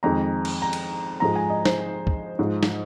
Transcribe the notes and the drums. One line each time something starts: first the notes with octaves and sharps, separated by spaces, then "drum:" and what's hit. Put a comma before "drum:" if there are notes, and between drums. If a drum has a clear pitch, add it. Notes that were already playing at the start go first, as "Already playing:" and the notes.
F2 D#3 G#3 A#5
drum: cymbal
A#5
drum: cymbal
G#2 F3 G#3 A#5
G#5
D#5
C5, drum: snare
drum: kick
G#2 F3 G#3
drum: snare